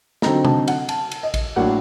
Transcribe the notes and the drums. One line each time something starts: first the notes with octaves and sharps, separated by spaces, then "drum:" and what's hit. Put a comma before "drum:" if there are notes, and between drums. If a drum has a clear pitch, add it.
D3 F#3 C4 D#4 A#5, drum: snare
A5, drum: tom C3
F#5, drum: cymbal
A5, drum: cymbal
drum: cymbal
D#5
drum: kick A1, cymbal
A2 F#3 A#3 D4 F#5